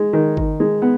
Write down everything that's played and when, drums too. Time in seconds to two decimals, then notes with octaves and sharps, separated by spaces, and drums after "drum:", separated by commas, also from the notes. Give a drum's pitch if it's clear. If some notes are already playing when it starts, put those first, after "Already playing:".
Already playing: G#3
0.13 D#3
0.37 D#3, drum: kick G1
0.60 G#3
0.82 B3